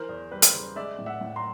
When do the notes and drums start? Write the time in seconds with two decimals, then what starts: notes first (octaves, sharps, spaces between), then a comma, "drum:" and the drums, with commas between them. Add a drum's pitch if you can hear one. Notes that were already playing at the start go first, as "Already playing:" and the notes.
Already playing: E3 A#4 C5
0.09 E2
0.31 G3 B4
0.42 drum: hi-hat
0.54 C#3
0.76 G#3 D5 E5
0.99 A2
1.06 E5 F#5
1.21 A2
1.36 A#5 C6